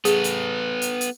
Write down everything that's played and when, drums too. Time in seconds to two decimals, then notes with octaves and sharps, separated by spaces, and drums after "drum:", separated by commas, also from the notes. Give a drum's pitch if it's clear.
0.05 B3 G#4 A4, drum: hi-hat
0.24 drum: hi-hat
0.82 drum: hi-hat
1.01 drum: hi-hat